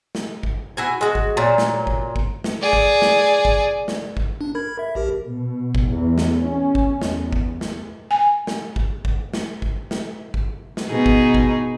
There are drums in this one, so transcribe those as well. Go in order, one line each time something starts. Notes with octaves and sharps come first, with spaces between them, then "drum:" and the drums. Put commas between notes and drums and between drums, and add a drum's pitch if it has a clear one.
drum: snare
drum: kick
E4 F#4 G#5
G#3 F#4
drum: kick
A#2 F#3
drum: snare
drum: kick
drum: kick
drum: snare
G#4 D5
drum: kick
drum: snare
drum: kick
drum: snare
drum: kick
D4
A#4 B5 G#6
E5
A#1 G4 A#4
B2
drum: kick
E2
drum: snare
C#4
drum: kick
E2, drum: snare
drum: kick
drum: snare
G#5
drum: snare
drum: kick
drum: kick
drum: snare
drum: kick
drum: snare
drum: kick
drum: snare
B2 D#4 G#4
drum: kick
drum: kick